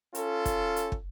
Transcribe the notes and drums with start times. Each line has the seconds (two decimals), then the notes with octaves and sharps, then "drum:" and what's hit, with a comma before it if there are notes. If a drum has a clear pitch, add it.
0.15 C#4 F4 A4, drum: hi-hat
0.45 drum: kick, hi-hat
0.76 drum: hi-hat
0.92 drum: kick